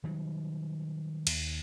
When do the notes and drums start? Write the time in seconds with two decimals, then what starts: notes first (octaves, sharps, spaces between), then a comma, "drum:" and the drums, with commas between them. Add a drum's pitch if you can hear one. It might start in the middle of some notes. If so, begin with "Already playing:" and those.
0.04 D#3 F#3 G3
1.27 D#2, drum: cymbal